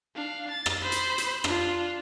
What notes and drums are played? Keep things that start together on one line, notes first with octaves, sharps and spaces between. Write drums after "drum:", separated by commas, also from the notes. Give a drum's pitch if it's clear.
D4 F5
A6
drum: rim click
C5 B5
drum: hi-hat
drum: hi-hat
D4 F4, drum: rim click